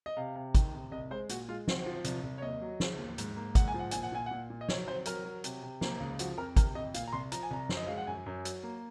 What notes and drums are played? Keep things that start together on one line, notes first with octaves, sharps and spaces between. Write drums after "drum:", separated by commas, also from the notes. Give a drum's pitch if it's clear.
D#5
C3 F5
C3
D#3, drum: kick, hi-hat
C3
C2 D#5
G#3 C5
A#2 F#4, drum: hi-hat
G#3 F4
C4 F#4, drum: snare
F3
C2, drum: hi-hat
C2
C#5
D#2 D#5
F#3
C#3, drum: snare
D#2
G#2, drum: hi-hat
A#3
G#2 F#5, drum: kick, hi-hat
G#5
F3
F#5
A#2 G#5, drum: hi-hat
F#5
A#2 G#5
A#2 F#5
A#2
D#5
F#3 C#5, drum: snare
C4 C5
F#3 A#4, drum: hi-hat
F#3
C3, drum: hi-hat
C3
A#3, drum: snare
C#2
F3 F#4, drum: hi-hat
F2 A#4
C3 A#4, drum: kick, hi-hat
F2 D#5
A#2 F5, drum: hi-hat
A#5
C2 C6
F3 A#5, drum: hi-hat
G#5
C2 A#5
F#2, drum: snare
D#5
G#3 F5
F#5
F#2 G#5
F#2
F#3, drum: hi-hat
A#3